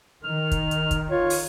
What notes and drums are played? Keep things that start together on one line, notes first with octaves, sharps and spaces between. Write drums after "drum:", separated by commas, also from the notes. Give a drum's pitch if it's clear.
D#3 F6
drum: kick, hi-hat
drum: hi-hat
drum: kick, hi-hat
F4 C#5
drum: open hi-hat